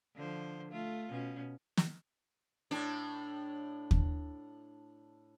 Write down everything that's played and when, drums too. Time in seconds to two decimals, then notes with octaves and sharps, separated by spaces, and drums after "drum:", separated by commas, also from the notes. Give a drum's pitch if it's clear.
0.15 D3 F3 C5
0.71 A3 F4
1.10 B2 C#4
1.77 drum: snare
2.71 A2 D4
3.91 drum: kick